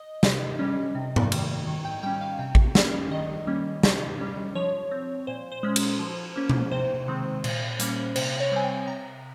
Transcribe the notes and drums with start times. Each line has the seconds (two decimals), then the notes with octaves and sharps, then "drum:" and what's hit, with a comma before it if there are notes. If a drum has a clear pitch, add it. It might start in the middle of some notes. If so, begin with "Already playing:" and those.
Already playing: D#5
0.23 C3, drum: snare
0.59 G3 C#4
0.95 C3
1.16 drum: tom G#2
1.32 D#3 G3, drum: cymbal
1.67 D#3
1.85 G5
2.03 G3 C#4 G5
2.21 F5
2.39 C3 G5
2.55 drum: kick A1
2.75 G3 A#3 C#4, drum: snare
3.11 D#3 D#5
3.47 G3 A#3 C#4
3.83 C3, drum: snare
4.19 G3 C#4
4.55 F3 C#5
4.91 C4
5.27 A#2 C5
5.52 C5
5.63 G#3 C#4
5.76 drum: cymbal
5.99 F3
6.36 A#3 C#4
6.49 drum: tom B2
6.71 C3 C5
7.08 D#3 G#3 C4
7.44 A#2, drum: cymbal
7.79 G3 A#3 C#4, drum: hi-hat
8.16 C3 C5, drum: cymbal
8.40 C#5
8.52 G3 C4 G#5
8.64 G5
8.87 C3 A#5